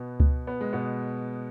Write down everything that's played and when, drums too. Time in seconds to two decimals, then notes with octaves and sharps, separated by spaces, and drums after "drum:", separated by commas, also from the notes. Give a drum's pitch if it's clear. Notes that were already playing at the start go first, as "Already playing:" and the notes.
Already playing: B2 B3
0.20 drum: kick C#2
0.47 B3
0.61 G#3
0.73 B2 B3